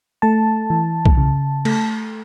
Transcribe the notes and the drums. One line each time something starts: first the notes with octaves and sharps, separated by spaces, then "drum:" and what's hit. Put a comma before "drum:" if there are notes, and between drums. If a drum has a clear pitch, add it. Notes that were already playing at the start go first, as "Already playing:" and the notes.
A3 A5
E3
drum: kick B1
C#3
A3, drum: cymbal